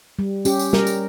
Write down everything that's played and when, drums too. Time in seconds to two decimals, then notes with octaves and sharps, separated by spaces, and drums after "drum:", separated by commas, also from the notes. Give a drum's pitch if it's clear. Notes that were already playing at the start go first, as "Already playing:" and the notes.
0.19 G3
0.45 C#4 G4, drum: tambourine
0.59 drum: tambourine
0.73 G3 A#4, drum: snare
0.87 drum: tambourine